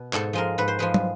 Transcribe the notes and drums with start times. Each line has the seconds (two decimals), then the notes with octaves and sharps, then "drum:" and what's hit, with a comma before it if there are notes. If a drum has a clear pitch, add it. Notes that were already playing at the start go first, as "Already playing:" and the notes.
Already playing: B2
0.13 G#2 A4, drum: clap
0.33 F3 G#3 A#4
0.58 G#2 B4
0.68 C5
0.79 F3 G#3 B4
0.94 drum: tom